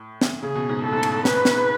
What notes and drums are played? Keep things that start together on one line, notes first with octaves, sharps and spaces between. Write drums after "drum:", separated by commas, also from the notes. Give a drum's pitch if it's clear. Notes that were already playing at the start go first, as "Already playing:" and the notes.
Already playing: A2
drum: snare
C#3 G#4
B2
G#2
A2 A4
G#2
A2, drum: cymbal
B4, drum: snare
drum: snare